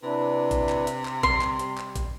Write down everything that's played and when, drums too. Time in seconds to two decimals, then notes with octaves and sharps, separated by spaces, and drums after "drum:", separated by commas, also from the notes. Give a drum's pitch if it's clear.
0.03 C3 D4 E4 B4
0.51 drum: kick A#1, hi-hat
0.69 drum: clap
0.87 drum: hi-hat
1.05 drum: clap
1.23 G3 C6, drum: kick A#1
1.41 drum: clap
1.59 drum: hi-hat
1.77 drum: clap
1.96 drum: kick A#1, hi-hat